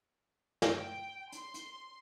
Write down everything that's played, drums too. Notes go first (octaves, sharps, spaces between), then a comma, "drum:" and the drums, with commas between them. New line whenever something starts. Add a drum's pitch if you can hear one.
drum: snare
G5
C6, drum: hi-hat
drum: hi-hat